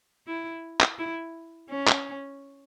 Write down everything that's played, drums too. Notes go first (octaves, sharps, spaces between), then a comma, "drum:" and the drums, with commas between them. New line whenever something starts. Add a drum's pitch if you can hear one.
E4
drum: clap
E4
C#4
drum: clap